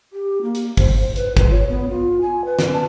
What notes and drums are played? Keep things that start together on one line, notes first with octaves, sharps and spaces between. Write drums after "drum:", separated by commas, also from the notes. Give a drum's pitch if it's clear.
G4
A#3
drum: hi-hat
C5, drum: kick, open hi-hat
C5
B4, drum: hi-hat
F4, drum: kick, hi-hat
C#5
B3
F4
G#5
B4
drum: snare
A5